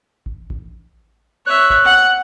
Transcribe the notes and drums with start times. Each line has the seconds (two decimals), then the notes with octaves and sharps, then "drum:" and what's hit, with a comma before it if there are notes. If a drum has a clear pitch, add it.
0.26 drum: kick A1
0.50 drum: kick A1
1.46 C#5 E5 F#6
1.70 drum: kick A1
1.85 F#5